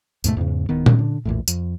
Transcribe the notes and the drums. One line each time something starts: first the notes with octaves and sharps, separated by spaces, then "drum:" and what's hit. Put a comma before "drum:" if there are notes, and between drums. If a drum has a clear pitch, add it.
D#2 G#2 B2 A3, drum: tambourine
E2 G#2 C#3
D1 D#3 B3
drum: tom A#2
D3
A#1 E2 A2
F2, drum: tambourine